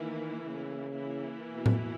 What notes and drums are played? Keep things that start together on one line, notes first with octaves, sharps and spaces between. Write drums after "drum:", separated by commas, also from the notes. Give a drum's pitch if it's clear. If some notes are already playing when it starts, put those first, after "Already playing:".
Already playing: D#3 E3 A#3 E4
C#3
E3 A#3 E4
B2
drum: tom A2